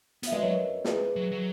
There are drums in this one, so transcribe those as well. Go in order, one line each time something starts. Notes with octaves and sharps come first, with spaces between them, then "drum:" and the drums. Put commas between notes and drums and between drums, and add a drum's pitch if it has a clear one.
B3 E5, drum: hi-hat
G#3 B4 D#5
F#3 A#4 C#5
G#4 B4, drum: snare
F#3
F#3